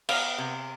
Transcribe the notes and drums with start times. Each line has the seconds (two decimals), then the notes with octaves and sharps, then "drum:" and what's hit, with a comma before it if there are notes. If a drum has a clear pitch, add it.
0.09 B3 F5, drum: cymbal
0.38 C3